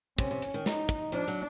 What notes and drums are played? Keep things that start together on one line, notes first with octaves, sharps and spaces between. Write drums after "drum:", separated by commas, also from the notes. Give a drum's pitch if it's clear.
C3 C#4, drum: kick, hi-hat
C3
drum: hi-hat
D#3
D#4, drum: snare
drum: kick, hi-hat
F3 D4, drum: hi-hat
F#3